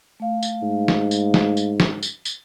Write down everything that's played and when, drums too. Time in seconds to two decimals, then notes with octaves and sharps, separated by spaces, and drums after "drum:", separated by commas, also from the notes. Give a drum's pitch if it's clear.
0.20 A3 F5
0.43 drum: tambourine
0.62 G#2
0.88 drum: snare
1.11 drum: tambourine
1.34 drum: snare
1.57 drum: tambourine
1.80 drum: snare
2.03 drum: tambourine
2.25 drum: tambourine